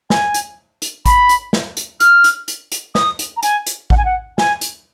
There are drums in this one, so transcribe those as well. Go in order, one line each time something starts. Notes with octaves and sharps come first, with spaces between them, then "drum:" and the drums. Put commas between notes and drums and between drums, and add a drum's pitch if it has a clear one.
G#5, drum: snare
drum: hi-hat
drum: hi-hat
B5, drum: kick A1, hi-hat
drum: hi-hat
drum: snare
drum: hi-hat
F6, drum: hi-hat
drum: hi-hat
drum: hi-hat
drum: hi-hat
D#6, drum: snare
drum: hi-hat
A#5
G#5, drum: hi-hat
drum: hi-hat
F#5, drum: kick A1
G#5
F#5
G#5, drum: snare
drum: hi-hat